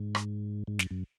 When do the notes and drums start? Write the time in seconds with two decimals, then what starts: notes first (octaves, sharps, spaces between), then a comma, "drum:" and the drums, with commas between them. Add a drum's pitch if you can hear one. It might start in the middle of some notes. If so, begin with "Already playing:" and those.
Already playing: G#2
0.15 drum: rim click
0.67 G#2
0.79 F#2, drum: snare
0.91 F#2